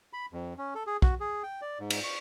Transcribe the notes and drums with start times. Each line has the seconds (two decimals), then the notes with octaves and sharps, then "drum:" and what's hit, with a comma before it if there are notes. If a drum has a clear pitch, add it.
0.13 B5
0.33 F2
0.58 C#4
0.75 A4
0.87 G#4
1.02 F#4, drum: kick
1.20 G#4
1.43 G5
1.62 D5
1.80 G#2
1.90 drum: cymbal
2.04 C#6